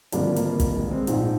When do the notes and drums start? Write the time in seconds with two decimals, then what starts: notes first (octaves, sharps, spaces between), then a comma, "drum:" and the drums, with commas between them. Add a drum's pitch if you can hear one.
0.12 G#1 G2 D3 F3 A#3 D4, drum: hi-hat
0.36 A#3, drum: hi-hat
0.60 A#3, drum: kick, hi-hat
0.76 G#3
0.91 G#3 C4
1.07 A#1 G#2 F3 C4 D#4, drum: hi-hat
1.22 D#4